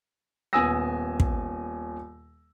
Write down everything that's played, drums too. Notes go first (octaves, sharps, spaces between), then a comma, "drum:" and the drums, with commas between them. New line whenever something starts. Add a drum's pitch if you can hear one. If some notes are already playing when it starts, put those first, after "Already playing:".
D#1 B3 G#5 D#6 E6 A#6
drum: kick